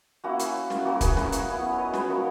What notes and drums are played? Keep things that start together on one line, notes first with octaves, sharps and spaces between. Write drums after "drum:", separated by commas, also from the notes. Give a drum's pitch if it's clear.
A#3 C#4 E4 F#4
drum: hi-hat
drum: snare
A#3 C#4 E4 F#4 A#4
G#4 B4, drum: kick, hi-hat
A#4 C#5, drum: snare
drum: hi-hat
F#3 B3 E4
C#5
B4 D#5
G#4 B4, drum: snare
F#3 A#3 D#4 F#4 A#4